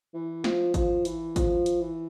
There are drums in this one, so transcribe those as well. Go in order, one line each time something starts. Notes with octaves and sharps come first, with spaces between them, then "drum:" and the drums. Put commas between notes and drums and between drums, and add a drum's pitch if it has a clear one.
E3
F3, drum: snare
F3, drum: kick G#1, hi-hat
E3, drum: hi-hat
F3, drum: kick G#1, hi-hat
drum: hi-hat
E3